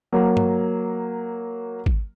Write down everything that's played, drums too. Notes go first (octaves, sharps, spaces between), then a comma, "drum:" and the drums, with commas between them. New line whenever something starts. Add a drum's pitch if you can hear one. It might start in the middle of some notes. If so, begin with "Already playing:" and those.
F#3 A#3
drum: tom G2
drum: kick G#1